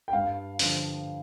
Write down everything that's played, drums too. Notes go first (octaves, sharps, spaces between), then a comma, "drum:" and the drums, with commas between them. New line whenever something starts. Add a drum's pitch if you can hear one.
G5
G2 F5
D3 F3, drum: open hi-hat